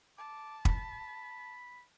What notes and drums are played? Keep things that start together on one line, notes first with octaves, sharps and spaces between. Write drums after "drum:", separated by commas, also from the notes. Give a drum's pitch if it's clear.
A5 D6
B5, drum: kick